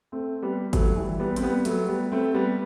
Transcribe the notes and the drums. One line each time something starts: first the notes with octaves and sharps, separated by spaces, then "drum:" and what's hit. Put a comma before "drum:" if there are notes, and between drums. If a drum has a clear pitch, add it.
A3 C4
G3 B3
F#3 A3, drum: kick G1, hi-hat
E3 G3
G3 B3
C4, drum: hi-hat
G3 B3
F#3 A3, drum: hi-hat
G3 B3
A3 C4
G3 B3